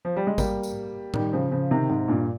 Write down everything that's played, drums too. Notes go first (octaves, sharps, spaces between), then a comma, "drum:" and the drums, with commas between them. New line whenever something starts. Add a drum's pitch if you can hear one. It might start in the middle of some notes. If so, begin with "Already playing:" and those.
F3
G3
G#3
G3 A#3, drum: kick, tambourine
drum: tambourine
D#3 G3, drum: tom A2
C#3 F3
C#3 F3
C3 D#3
G#2 C3
G2 A#2